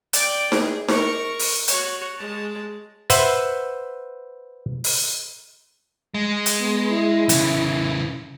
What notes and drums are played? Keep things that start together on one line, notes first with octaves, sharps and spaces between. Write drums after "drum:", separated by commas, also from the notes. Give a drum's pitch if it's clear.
D5 G5, drum: hi-hat
G#4, drum: snare D#4
A#4 C#6, drum: snare D#4
drum: open hi-hat
F#4 C#5, drum: hi-hat
G#3 A5
B4 C5 E5 F#5, drum: hi-hat
drum: open hi-hat
G#3
drum: hi-hat
B3
E4
C#3 E3, drum: hi-hat